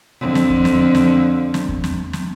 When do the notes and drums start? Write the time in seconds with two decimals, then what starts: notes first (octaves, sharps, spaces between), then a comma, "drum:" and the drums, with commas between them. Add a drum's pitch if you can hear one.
0.20 F2 D3
0.35 drum: snare
0.50 drum: kick E2
0.65 drum: snare
0.95 drum: snare
1.54 drum: snare
1.69 drum: kick E2
1.84 drum: snare
2.13 drum: snare